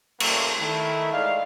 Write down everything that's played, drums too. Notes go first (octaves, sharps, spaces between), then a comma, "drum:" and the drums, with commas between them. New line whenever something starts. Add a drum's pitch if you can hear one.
A#2 C#3 G3 A3 A#3 C4, drum: cymbal
D#3 A3 E4
G#3 D#4 D5 F5